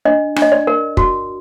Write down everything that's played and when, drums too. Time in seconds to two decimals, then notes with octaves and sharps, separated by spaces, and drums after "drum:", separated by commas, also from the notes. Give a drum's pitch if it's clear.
0.05 D4 D#5
0.36 D4, drum: rim click
0.42 D#5
0.52 D5
0.67 A#4
0.97 F#4, drum: kick